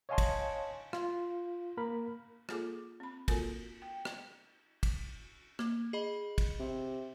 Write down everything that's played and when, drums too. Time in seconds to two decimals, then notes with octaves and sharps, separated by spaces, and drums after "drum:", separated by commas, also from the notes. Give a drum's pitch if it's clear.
0.09 C#5 D#5 F5 G#5 A5 C6
0.18 drum: kick, cymbal
0.93 F4, drum: rim click
1.77 A#3 A#4 B5
2.49 A#3 F4 G#4 A4 D6, drum: rim click
3.00 C4 B5
3.28 A#3 F4 F#4 A4 A#4, drum: kick, cymbal
3.82 G5
4.05 drum: rim click
4.83 drum: kick, cymbal
5.59 A#3, drum: rim click
5.93 G#4 D#5 B5
6.38 drum: kick, cymbal
6.59 C3